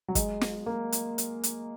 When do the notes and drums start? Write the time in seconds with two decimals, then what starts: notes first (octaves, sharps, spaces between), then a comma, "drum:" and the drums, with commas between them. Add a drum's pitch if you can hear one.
0.08 F#3
0.15 G#3, drum: kick, hi-hat
0.41 drum: snare
0.66 A#3
0.92 drum: hi-hat
1.18 drum: hi-hat
1.43 drum: hi-hat